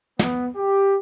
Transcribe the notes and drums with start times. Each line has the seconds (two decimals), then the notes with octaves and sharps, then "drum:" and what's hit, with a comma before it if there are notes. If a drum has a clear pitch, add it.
0.19 B3, drum: snare
0.57 G4